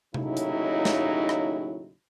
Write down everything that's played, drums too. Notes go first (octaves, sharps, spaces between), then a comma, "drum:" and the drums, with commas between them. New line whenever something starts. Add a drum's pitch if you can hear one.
D#2 A2 C#3 F#3 D#4 E4, drum: tom C3
drum: hi-hat
drum: snare
drum: rim click